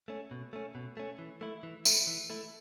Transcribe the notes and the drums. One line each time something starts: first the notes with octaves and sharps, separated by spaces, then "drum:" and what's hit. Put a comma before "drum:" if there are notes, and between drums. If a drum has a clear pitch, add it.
A3 C#4
B2
A3 C#4
B2
A3 C#4
E3
A3 E4
E3
A3 E4, drum: tambourine
E3
A3 E4